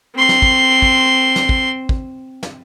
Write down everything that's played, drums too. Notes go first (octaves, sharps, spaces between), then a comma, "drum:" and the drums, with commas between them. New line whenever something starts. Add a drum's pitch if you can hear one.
C4 C6
drum: snare
drum: kick
drum: kick
drum: snare
drum: kick
drum: kick
drum: snare